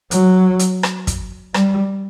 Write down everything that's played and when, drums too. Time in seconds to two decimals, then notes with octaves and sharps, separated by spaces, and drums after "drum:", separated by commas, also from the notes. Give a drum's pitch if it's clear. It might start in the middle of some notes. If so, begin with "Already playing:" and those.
0.11 F#3, drum: hi-hat
0.59 drum: hi-hat
0.83 drum: rim click
1.07 drum: kick, hi-hat
1.54 G3, drum: rim click